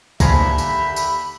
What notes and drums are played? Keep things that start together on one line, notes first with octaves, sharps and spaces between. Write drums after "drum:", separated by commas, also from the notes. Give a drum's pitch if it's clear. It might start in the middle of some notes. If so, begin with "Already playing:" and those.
D#2 D3 F3 G4 G#4 E5 A#5 B5, drum: kick B1, tambourine
drum: tambourine
drum: tambourine